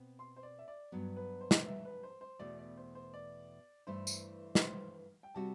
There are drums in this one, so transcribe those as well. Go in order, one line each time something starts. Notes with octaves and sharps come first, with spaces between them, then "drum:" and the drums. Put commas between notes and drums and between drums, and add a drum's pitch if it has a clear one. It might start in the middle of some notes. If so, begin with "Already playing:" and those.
Already playing: B2 C4
C6
C5
D5
E5
D5
G2 F#3 B3
B4
C5
drum: snare
E5
B4
C5
C5
E2 B2 A3 D5
D5
C5
C5
D5
G2 E3 A3 E4 C5
drum: tambourine
B4, drum: snare
C5
G5
C3 G3 C4 F#4 A5